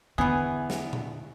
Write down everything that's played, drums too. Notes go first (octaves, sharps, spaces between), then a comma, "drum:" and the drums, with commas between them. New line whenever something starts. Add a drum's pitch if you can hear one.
E2 D3 E3 B3 G#4
drum: snare
drum: tom A#2